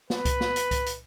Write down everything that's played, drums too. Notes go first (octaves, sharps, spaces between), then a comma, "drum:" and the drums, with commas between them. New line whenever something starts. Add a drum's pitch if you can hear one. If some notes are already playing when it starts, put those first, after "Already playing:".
B4, drum: snare
drum: kick C2, hi-hat
drum: snare
drum: hi-hat
drum: kick C2, hi-hat
drum: hi-hat